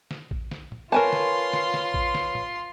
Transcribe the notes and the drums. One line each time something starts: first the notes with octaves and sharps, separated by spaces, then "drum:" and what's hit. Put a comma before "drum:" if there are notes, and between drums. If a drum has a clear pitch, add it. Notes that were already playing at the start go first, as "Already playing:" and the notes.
drum: snare
drum: kick A1
drum: snare
drum: tom
F4 A#4 B4 C#5 G#5 A5 C6
drum: snare
drum: snare
drum: snare
drum: kick A1
drum: snare
drum: tom